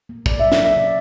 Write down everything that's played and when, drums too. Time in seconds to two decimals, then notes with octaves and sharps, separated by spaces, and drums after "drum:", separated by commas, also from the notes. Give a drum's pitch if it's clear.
0.09 A#3
0.26 B2 D5, drum: kick
0.40 E5
0.44 F#3
0.52 D5, drum: snare
0.60 A#3 E5
0.76 C#3 D5